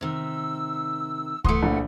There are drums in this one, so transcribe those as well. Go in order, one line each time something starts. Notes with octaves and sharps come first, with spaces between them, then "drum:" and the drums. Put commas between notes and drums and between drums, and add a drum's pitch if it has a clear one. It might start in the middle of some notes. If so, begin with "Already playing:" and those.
C3 D#3 E6
E3 A3 F#5 C6 D#6, drum: kick C#2
A#1 B5